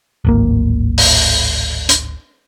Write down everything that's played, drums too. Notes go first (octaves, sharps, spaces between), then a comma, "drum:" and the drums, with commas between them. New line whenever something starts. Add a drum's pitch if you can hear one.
D1 G#1 A#3
drum: open hi-hat
drum: hi-hat